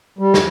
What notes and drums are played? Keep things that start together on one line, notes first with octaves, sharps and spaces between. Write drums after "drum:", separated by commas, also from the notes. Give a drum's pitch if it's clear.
G3
drum: snare